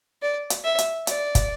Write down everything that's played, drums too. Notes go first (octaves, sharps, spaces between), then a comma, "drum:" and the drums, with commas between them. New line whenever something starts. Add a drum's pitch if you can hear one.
D5
drum: hi-hat
E5
drum: hi-hat
D5, drum: hi-hat
drum: kick, hi-hat